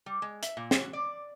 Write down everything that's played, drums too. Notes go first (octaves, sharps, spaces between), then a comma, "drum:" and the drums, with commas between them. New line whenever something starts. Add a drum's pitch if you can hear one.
G3
G#3
E5, drum: hi-hat
A#2
drum: snare
F#4
D5